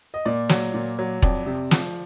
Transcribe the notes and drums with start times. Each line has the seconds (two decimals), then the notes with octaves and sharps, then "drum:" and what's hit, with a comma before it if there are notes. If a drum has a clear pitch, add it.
0.14 D#5
0.25 A#2 D5
0.49 F#3, drum: snare
0.74 A#2
0.99 F#3
1.22 F2 D5, drum: kick E1
1.46 C3
1.71 F3, drum: snare